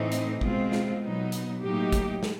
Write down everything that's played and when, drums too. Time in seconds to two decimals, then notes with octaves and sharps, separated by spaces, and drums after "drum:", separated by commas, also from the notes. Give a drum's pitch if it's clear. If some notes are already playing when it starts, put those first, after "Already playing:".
Already playing: A2 E3 A3 C4 D#4
0.12 drum: hi-hat
0.41 B2 G#3 C4 F4, drum: kick
0.72 drum: snare
1.02 B2 F#3 B3 D#4
1.32 drum: hi-hat
1.62 A2 F#3 A#3 D#4 G4
1.93 drum: kick, hi-hat
2.23 drum: snare